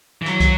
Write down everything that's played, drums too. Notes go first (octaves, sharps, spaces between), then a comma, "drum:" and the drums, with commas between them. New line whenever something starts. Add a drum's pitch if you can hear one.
E3
F#3, drum: hi-hat
drum: kick, hi-hat